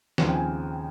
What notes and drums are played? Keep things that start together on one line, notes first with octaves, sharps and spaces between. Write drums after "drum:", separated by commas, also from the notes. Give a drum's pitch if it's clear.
D#2 C#3 F3 C4, drum: snare
G5
G#5